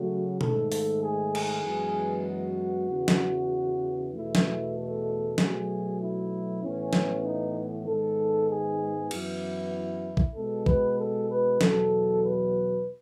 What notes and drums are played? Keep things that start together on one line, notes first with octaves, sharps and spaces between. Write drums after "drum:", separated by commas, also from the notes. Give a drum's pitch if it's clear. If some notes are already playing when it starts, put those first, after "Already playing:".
Already playing: C#3 F#3 A3 F#4
G#2 D#3 A3 A4, drum: tom B2
A4, drum: open hi-hat
G#4
drum: cymbal
F#2 E3 G#3 B3
F#4
E2 C#3 E3
drum: snare
E2 B2 A3 E4
drum: snare
A4
B2 F#3 A3 G#4, drum: snare
E4
A2 E3 B3 C#4
drum: snare
D#4
G#2 D#3 G#3 B3 A4
G#4
F#2 E3 B3 E4, drum: cymbal
drum: kick
B2 G#3 B3 A4
B4, drum: kick
A4
B4
E2 B2 F#3 A4, drum: snare
B4